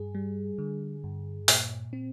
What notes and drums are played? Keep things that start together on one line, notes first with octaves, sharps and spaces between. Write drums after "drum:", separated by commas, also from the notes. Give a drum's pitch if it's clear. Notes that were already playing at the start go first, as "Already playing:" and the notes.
Already playing: G2 G#4
G3
D3
G2
A#2, drum: open hi-hat
C4